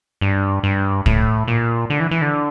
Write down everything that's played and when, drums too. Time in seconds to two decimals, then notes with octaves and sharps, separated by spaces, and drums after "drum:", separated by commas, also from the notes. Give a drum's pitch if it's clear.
0.21 G2
0.64 G2
1.06 A2, drum: kick
1.47 A#2
1.90 D3
2.00 E3
2.11 E3
2.22 D3